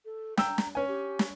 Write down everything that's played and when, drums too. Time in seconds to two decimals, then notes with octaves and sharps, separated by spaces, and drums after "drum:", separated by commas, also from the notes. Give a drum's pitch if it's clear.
0.05 A4
0.37 G5 A#5 E6, drum: snare
0.58 drum: snare
0.75 C#4 B4 G#5
0.88 G4
1.19 drum: snare